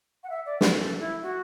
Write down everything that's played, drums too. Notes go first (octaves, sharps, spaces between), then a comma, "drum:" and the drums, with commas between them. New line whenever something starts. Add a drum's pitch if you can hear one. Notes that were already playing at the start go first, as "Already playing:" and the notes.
F#5
E5
D5
drum: snare
A4
E4
F#4